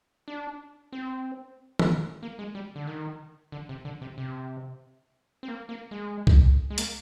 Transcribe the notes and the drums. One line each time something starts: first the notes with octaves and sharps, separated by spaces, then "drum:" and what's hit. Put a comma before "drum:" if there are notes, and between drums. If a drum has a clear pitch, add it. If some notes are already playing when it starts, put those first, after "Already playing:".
D4
C4
drum: tom D#3
A#3
G#3
G3
D3
D#3
D3
C3
D3
C3
C3
C4
A#3
A#3
G#3
drum: kick C2
G#3
A#3, drum: hi-hat